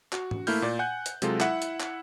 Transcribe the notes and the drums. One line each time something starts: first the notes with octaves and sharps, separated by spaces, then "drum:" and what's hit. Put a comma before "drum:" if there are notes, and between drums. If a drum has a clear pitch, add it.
F#4, drum: clap
drum: tom
A3 A#3 E4 F6 G6, drum: open hi-hat
A#2 D5
F#5 G#5 F#6 G6
drum: hi-hat
C3 F#3 G#3 F4 A4, drum: hi-hat
E4 E5 F#5, drum: clap
drum: hi-hat
drum: clap